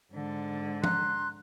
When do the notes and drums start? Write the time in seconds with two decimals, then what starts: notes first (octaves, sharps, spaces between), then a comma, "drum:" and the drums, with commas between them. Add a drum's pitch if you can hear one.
0.12 G#2 D3
0.84 A#5 C6 F#6, drum: tom